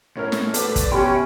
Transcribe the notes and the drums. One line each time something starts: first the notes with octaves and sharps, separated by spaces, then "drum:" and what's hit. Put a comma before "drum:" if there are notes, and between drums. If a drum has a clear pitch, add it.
A2 C#4 A#4
drum: snare
A3 F#4 B4 D5, drum: hi-hat
drum: kick, hi-hat
B2 C#4 G4 E5 G5 B5 C6